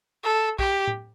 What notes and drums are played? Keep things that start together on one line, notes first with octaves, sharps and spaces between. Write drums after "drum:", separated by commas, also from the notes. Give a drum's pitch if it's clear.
A4
G4, drum: kick A#1
drum: tom A2